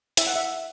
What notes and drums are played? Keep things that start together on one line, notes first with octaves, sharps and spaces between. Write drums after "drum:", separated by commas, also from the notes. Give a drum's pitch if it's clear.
E4 E5, drum: hi-hat
F#5
E5